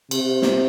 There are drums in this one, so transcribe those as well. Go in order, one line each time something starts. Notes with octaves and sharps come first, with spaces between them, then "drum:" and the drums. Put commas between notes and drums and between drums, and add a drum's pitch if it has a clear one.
C3, drum: cymbal
drum: snare